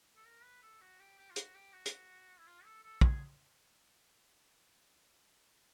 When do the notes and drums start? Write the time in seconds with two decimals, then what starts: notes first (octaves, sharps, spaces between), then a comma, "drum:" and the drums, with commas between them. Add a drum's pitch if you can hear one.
0.16 A4
0.25 A#4
0.44 B4
0.62 A4
0.81 F#4
1.00 G4
1.18 G4
1.30 F4
1.36 F#4, drum: hi-hat
1.54 G4
1.73 F#4
1.86 drum: hi-hat
2.39 E4
2.46 F4
2.65 A4
2.83 A4
3.01 G#4, drum: kick